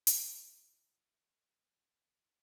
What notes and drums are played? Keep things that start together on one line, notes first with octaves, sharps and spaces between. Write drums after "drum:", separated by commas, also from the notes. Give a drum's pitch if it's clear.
E4 F4 D5 F#5 C6, drum: hi-hat